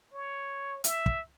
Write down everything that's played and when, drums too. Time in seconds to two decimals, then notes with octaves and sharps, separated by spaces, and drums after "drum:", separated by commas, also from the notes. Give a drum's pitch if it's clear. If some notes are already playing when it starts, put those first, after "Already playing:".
0.13 C#5
0.84 E5, drum: hi-hat
1.06 drum: kick